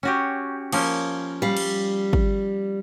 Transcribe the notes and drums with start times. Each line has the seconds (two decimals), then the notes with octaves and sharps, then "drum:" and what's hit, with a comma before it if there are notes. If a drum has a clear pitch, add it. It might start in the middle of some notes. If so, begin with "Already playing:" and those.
0.03 C#4 F#4 G4
0.72 F3 A#3 C#4, drum: cymbal
1.42 G3 F5
1.57 drum: cymbal
2.13 drum: kick